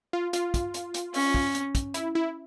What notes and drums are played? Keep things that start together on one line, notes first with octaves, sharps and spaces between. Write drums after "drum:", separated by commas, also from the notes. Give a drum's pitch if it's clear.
F4
F4, drum: hi-hat
drum: kick, hi-hat
drum: hi-hat
drum: hi-hat
C#4, drum: open hi-hat
drum: kick
drum: hi-hat
drum: kick, hi-hat
E4, drum: hi-hat
E4